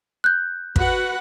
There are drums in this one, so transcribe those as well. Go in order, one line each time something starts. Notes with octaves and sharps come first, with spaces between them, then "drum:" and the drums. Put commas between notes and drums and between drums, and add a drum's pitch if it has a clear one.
F#6 G6
F#4 B4 F#5, drum: kick